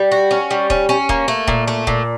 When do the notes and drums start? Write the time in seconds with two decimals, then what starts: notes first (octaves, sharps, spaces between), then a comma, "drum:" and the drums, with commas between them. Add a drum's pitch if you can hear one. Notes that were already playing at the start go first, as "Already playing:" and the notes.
Already playing: G3
0.12 F#4
0.31 C#4
0.51 G3
0.70 C#4, drum: kick D#1
0.89 C#4
1.09 A#3, drum: kick D#1
1.28 A3
1.48 A#2, drum: kick D#1
1.68 A3
1.87 A#2, drum: kick D#1